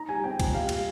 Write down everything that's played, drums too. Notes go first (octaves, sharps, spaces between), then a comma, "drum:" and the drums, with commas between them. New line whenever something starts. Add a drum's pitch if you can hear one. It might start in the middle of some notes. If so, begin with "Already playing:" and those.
Already playing: D#4 A#5
G3 G#5
C4 G5
A#2, drum: kick, cymbal
G4 F5
G3, drum: cymbal